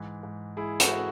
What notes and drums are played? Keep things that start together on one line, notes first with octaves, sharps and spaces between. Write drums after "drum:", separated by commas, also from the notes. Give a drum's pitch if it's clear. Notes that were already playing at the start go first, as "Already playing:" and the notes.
Already playing: G#2 E3
G#2
G#3 E4 G#4
F#4 A4, drum: hi-hat